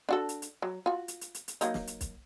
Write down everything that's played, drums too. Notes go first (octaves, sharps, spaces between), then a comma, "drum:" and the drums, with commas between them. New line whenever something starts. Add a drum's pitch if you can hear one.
D4 F#4 A4
drum: hi-hat
drum: hi-hat
F#3
F4 F#4
drum: hi-hat
drum: hi-hat
drum: hi-hat
drum: hi-hat
F#3 A#3 D#4, drum: hi-hat
drum: snare
drum: hi-hat
drum: kick, hi-hat